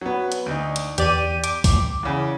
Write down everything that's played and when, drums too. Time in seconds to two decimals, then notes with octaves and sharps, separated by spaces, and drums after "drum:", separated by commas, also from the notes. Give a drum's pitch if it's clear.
0.01 F#3 B3
0.32 drum: hi-hat
0.46 D2 D#4
0.76 drum: hi-hat
0.98 E2 G4 D5 D#7, drum: hi-hat
1.44 D6, drum: hi-hat
1.64 drum: kick, open hi-hat
2.03 E2 C#3